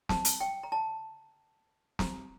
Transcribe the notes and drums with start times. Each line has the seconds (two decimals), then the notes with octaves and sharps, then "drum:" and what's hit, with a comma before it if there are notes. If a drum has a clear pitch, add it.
0.09 A5, drum: snare
0.25 drum: hi-hat
0.40 G5
0.63 A#5
0.72 A5
1.99 A#5, drum: snare